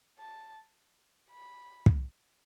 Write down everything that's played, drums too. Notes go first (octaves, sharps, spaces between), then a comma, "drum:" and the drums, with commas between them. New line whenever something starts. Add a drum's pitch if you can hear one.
A5
B5
drum: kick